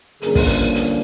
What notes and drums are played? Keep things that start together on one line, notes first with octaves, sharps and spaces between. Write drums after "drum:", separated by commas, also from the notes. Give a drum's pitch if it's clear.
G2 D3 F3 A#3 C#4 G#4 A#4, drum: hi-hat
drum: kick, open hi-hat
drum: hi-hat
drum: hi-hat